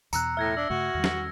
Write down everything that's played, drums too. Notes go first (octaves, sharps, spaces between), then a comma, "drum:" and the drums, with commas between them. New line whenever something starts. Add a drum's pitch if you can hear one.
E2 B2 A#5 E6 F#6 C#7, drum: tambourine
A2 E5 F6 G#6 A#6
D4 E6
G2 C#3 A3 F#4
E2 D#3 G3
drum: snare